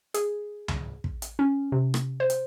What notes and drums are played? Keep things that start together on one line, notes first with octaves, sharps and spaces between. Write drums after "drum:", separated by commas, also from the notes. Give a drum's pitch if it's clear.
G#4, drum: hi-hat
drum: tom C#2
drum: kick
drum: hi-hat
C#4
C3
drum: rim click
C5
drum: hi-hat